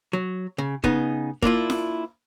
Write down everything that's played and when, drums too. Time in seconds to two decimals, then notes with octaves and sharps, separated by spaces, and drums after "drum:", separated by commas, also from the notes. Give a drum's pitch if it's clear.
0.13 F#3
0.58 C#3
0.84 C#3 B3 D#4, drum: kick
1.42 A#3 D4 E4 F4, drum: kick
1.70 drum: snare